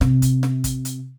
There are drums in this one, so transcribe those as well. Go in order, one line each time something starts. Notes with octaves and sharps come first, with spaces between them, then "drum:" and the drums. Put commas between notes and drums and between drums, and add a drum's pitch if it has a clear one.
C3, drum: snare
drum: kick, hi-hat
drum: snare
drum: kick, hi-hat
drum: hi-hat